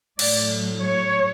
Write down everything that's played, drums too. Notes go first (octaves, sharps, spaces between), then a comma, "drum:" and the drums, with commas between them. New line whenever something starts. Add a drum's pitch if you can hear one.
A2 F#3 D5, drum: cymbal
C#5